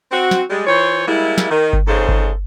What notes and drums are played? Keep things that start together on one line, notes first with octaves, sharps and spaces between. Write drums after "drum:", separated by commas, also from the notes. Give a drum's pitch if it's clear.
C4 F#4
drum: snare
G3 G#3
E3 F4 C5 C#5
G3 G#3 A#3 E4
drum: snare
D#3
drum: kick G1
F2 G#2 C#3 G#3 A4 C5
drum: kick G1